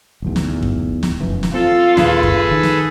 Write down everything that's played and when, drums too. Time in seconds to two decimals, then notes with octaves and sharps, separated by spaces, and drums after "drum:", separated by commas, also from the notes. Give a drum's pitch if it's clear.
0.22 D1 B1 E2
0.36 drum: snare
0.63 drum: kick F#2
1.03 drum: snare
1.20 F1 F#2 E3
1.43 drum: snare
1.54 C4 F4 A4
1.97 D#2 A#2 D4 G#4 A4 B4, drum: snare
2.23 drum: kick F#2
2.51 D#3
2.63 drum: snare